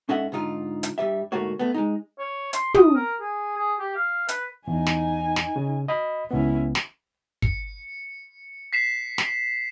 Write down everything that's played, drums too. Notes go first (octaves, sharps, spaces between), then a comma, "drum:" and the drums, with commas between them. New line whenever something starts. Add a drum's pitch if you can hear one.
G#2 C#4 A4 D#5 E5 F#5
G#2 D3 D#4 F4
drum: hi-hat
G2 G3 E5
D2 G#2 A3 A#3 F#4 C#5
A3 B3
G#3 D#4
C#5
C6, drum: hi-hat
D#6, drum: tom
A#4
G#4
G#4
G4
F5
B4, drum: hi-hat
E2 D#4 G#5
drum: snare
drum: snare
C#3
D#5 B5
C#2 B3 C#4 E4
drum: snare
C#7, drum: kick
B6 C7 E7
drum: snare